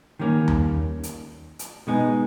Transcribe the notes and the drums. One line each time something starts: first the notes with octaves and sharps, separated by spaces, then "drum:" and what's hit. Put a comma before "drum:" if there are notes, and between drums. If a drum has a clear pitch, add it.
D#3 G3 A#3 C#4
drum: tom D#2
drum: hi-hat
drum: hi-hat
B2 G#3 B3 D#4 G#4